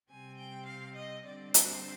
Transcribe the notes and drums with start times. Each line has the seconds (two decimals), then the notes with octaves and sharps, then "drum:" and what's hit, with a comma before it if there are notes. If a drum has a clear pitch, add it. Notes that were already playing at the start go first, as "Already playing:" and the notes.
0.11 C3 G3 C4 G#5
0.39 G5
0.68 F5
0.96 D#5
1.25 D3 G3 C4 D5
1.54 C5, drum: hi-hat